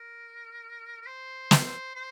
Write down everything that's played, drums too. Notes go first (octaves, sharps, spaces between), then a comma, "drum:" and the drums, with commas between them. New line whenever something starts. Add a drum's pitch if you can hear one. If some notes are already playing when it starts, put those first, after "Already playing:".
Already playing: A#4
A#4
C5
drum: snare
C5
C5